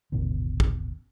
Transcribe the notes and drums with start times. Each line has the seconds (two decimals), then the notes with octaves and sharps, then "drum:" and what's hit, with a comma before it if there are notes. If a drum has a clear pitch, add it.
0.12 D#1 G#1 B2 D3
0.60 drum: kick